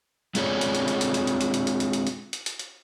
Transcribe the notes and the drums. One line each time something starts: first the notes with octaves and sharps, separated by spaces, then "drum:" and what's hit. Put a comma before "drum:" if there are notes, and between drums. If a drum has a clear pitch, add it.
G#3 C4 F4 G#4 C#5 D5, drum: hi-hat
drum: hi-hat
drum: hi-hat
drum: hi-hat
drum: hi-hat
drum: hi-hat
drum: hi-hat
drum: hi-hat
drum: hi-hat
drum: hi-hat
drum: hi-hat
drum: hi-hat
drum: hi-hat
drum: hi-hat
drum: hi-hat
drum: hi-hat